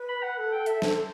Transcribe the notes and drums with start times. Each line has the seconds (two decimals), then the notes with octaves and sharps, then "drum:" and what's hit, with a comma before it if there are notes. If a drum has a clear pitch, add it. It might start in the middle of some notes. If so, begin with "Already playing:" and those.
Already playing: B4
0.08 B5
0.23 F#5
0.38 A4 F#5
0.53 G5
0.66 E5, drum: hi-hat
0.82 C5, drum: snare